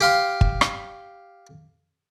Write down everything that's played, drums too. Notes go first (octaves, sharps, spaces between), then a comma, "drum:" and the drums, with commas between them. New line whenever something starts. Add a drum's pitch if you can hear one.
G4 F5 C6
drum: kick
drum: rim click